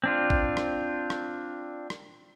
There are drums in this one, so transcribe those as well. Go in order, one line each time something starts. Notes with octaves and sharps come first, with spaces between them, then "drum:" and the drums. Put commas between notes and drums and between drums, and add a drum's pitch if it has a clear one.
C4 D4 F4
drum: kick A1
drum: rim click
drum: rim click
drum: rim click